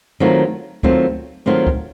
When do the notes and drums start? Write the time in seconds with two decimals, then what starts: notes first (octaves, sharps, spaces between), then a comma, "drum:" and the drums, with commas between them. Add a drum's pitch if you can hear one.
0.20 D#3 F#3 A3 C4 F4
0.83 D#3 F#3 A3 C4 F4, drum: kick C#2
1.46 D#3 F#3 A3 C4 F4
1.67 drum: kick C#2